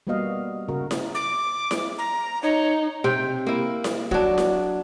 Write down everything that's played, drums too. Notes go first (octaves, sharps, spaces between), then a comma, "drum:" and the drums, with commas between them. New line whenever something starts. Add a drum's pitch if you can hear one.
G3 A#3 B3 F#4 D#5 F5
C#3 F#4 A#4
drum: snare E4
D6
drum: snare E4
A#5
D#4 C#5
C3 G5
A#3 E4
drum: snare E4
F#3 D4, drum: kick
drum: snare E4